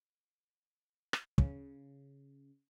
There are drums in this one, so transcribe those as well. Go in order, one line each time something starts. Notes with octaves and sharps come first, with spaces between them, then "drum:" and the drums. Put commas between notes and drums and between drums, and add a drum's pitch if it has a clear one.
drum: rim click
C#3, drum: kick